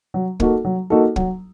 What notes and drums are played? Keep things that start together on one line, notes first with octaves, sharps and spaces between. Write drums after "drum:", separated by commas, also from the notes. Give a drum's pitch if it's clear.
F#3
A#3 D#4 F#4 A4, drum: kick
F#3
A#3 D#4 F#4 A4
F#3, drum: kick